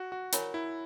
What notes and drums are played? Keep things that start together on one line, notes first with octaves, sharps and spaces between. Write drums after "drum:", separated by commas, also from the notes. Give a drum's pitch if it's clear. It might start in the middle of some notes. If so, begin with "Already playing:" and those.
Already playing: F#4
F#4
E4 A#4 C#5 G#5 B5, drum: hi-hat
E4